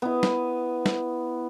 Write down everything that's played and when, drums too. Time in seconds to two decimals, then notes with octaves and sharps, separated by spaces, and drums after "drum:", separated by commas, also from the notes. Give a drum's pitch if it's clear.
0.02 B3 E4
0.23 drum: snare
0.86 drum: snare